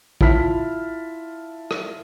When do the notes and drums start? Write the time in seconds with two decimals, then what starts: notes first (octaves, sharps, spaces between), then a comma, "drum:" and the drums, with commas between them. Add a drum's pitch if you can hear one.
0.21 E4 F4 E5 A5 F6 B6, drum: kick
1.71 drum: rim click